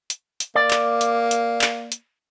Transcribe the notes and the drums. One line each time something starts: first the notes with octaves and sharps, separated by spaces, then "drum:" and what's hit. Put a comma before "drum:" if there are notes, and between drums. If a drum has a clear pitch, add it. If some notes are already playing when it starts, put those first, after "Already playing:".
drum: hi-hat
drum: hi-hat
A#3 D5
drum: clap
drum: hi-hat
drum: hi-hat
drum: clap
drum: hi-hat